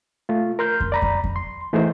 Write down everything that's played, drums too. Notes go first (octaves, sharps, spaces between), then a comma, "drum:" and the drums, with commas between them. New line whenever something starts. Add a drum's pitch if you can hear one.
A3 F4
A#4 C6 F6 G6
drum: kick
D5 A#5 B5
drum: kick
drum: kick
C6
E3 A3 D#4 G#4 C5